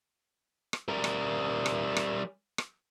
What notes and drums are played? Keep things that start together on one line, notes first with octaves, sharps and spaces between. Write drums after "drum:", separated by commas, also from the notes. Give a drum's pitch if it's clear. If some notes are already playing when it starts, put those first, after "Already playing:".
drum: rim click
G3 A#4
drum: rim click
drum: rim click
drum: rim click
drum: rim click